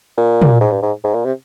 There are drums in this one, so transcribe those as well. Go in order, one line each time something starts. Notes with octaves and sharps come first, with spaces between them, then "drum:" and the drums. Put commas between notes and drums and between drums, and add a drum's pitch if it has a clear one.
A#2
drum: tom
G#2
G2
G#2
G#2
A#2
C3